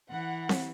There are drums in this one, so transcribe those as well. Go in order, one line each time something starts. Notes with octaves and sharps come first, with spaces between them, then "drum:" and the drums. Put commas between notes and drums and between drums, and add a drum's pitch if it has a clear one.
E3 F#5
drum: snare C4